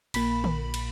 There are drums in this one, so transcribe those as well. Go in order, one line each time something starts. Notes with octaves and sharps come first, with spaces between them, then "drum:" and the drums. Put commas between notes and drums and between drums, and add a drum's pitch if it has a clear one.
A#1 A#2 A#3 B5, drum: cymbal
drum: tom D3
drum: cymbal